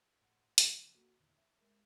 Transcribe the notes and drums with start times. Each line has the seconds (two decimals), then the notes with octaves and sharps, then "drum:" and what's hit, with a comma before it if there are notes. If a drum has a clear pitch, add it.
0.20 G1 A2 F#5 C6
0.58 D3 F#3 A3 F4, drum: hi-hat
0.95 A#3 F#4 A4 A#5
1.20 E2 A#2 D3 D#3
1.38 E5
1.60 G#3 A#4 E5